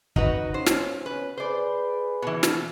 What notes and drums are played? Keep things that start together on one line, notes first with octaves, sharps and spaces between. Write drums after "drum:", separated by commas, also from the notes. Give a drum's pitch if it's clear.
D#4 F#4 B4, drum: kick
D#3 F3 C#4 C5
drum: snare
B2 C#4 B4
G#4 B4 C5 D5
B2 E3
drum: snare